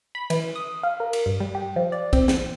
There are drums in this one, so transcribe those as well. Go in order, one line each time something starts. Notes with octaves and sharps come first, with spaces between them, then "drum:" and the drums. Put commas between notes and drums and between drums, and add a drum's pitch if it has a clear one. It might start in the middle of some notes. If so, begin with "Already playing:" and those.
B5
E3, drum: cymbal
D#6
F5
A#4
drum: cymbal
G2
G3
G4
F3
D5
C4, drum: kick, cymbal
E3, drum: snare